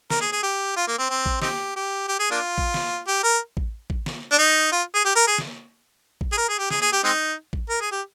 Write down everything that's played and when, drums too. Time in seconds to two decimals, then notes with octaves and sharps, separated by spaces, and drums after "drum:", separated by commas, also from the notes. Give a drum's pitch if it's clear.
0.10 A#4, drum: snare
0.21 G#4
0.32 G#4
0.43 G4
0.76 F4
0.87 A#3
0.98 C4
1.10 C4
1.26 drum: kick A1
1.42 C4 D#4 G4, drum: snare
1.76 G4
2.08 G4
2.19 G#4
2.31 A#3 D4 F4
2.58 drum: kick A1
2.74 drum: snare
3.07 G4
3.23 A#4
3.57 drum: kick A1
3.90 drum: kick A1
4.06 drum: snare
4.32 D4
4.39 D#4
4.72 F4
4.95 G#4
5.05 G4
5.16 A#4
5.27 G#4
5.38 drum: snare
6.21 drum: kick A1
6.32 G#4
6.38 A#4
6.49 G#4
6.59 G4
6.70 G#4, drum: snare
6.82 G#4
6.93 G4
7.04 G#3 C4 D#4
7.53 drum: kick A1
7.69 A#4
7.81 G#4
7.92 G4